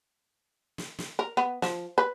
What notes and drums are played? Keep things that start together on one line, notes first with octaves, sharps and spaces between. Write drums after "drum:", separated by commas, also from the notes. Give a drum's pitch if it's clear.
drum: snare
drum: snare
A#4
B3
F3, drum: snare
B4